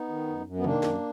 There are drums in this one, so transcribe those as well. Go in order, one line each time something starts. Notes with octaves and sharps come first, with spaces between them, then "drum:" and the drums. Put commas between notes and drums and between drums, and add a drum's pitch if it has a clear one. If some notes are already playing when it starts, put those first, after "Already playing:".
Already playing: B3 D#4
D#3
F#2
F#2
B3
D#3 A#3 D4, drum: tom B2
F#2, drum: snare